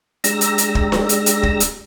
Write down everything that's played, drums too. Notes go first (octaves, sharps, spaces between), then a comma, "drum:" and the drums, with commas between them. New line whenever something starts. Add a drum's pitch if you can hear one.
G#3 D4 G4 A#5 E6 A#6, drum: hi-hat
drum: hi-hat
drum: hi-hat
drum: kick
drum: snare D4
drum: hi-hat
drum: hi-hat
drum: kick
drum: hi-hat